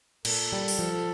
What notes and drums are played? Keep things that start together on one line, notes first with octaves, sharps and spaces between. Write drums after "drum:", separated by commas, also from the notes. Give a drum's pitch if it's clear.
A#2 A4, drum: cymbal
G3
drum: open hi-hat
F3